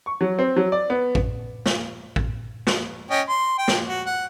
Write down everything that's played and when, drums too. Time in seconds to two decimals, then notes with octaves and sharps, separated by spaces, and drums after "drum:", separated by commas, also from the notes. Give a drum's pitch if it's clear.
0.06 C#6
0.21 F#3
0.39 C4
0.56 F#3
0.72 D5
0.90 B3
1.15 drum: kick A1
1.66 drum: snare
2.16 drum: kick A1
2.67 drum: snare
3.11 C#4 D#5 G5
3.29 C6
3.58 G5
3.68 drum: snare
3.88 F#4
4.06 F#5